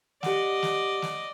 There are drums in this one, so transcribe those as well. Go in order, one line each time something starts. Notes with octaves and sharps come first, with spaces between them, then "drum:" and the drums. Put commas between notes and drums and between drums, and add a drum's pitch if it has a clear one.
G4 D5 D#5 F#5, drum: snare
drum: snare
drum: snare